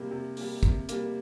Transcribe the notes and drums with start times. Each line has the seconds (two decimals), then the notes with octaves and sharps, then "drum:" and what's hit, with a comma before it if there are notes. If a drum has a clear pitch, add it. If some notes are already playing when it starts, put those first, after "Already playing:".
Already playing: C3 G3 A#3
0.11 C3
0.37 G3 A#3, drum: open hi-hat
0.63 C3, drum: kick, hi-hat
0.89 G3 A#3, drum: hi-hat